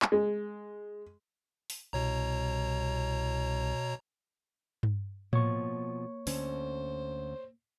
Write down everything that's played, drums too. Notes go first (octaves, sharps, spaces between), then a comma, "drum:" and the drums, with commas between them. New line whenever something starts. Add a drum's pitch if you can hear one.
drum: clap
G#3
drum: open hi-hat
C2 B2 C#5 A#5
drum: tom G2
B2 F3 A#3 C#5 C#6, drum: tom A2
D2 D3 C#4 C5, drum: open hi-hat